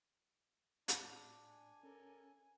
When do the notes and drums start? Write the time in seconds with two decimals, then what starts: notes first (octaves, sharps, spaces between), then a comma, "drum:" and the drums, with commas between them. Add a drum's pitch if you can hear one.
0.88 A2 D4, drum: hi-hat
1.46 G#5
1.83 C#4 A4 A#4